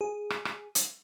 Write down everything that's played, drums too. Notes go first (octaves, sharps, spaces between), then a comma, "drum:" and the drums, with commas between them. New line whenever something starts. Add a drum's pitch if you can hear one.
G#4
drum: rim click
drum: rim click
drum: hi-hat